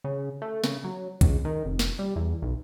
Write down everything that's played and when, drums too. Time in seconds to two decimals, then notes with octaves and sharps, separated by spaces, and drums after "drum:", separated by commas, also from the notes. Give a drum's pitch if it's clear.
0.04 C#3
0.42 A3
0.64 C#3, drum: snare
0.84 F#3
1.21 C#2, drum: kick A#1, hi-hat
1.45 D#3
1.65 F1
1.79 drum: snare
1.99 G3
2.16 E2
2.42 B1